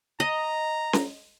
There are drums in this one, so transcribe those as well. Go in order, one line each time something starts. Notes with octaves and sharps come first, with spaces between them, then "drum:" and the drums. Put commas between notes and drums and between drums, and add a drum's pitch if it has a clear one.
D#5 A#5
drum: snare C#4